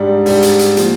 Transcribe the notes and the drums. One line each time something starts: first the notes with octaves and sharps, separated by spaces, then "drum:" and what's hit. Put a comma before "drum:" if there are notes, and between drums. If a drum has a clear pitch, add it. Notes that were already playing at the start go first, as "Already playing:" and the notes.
Already playing: G#2 G3 D4
G#2 G3 D4, drum: open hi-hat
drum: hi-hat
drum: hi-hat
A#2 F3, drum: hi-hat